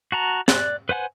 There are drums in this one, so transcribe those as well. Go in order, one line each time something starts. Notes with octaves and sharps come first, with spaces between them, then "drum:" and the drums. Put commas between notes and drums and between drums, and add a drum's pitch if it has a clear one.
F#4 A5 A#5
D5 F#6, drum: snare
B4 C5 F#5 G#5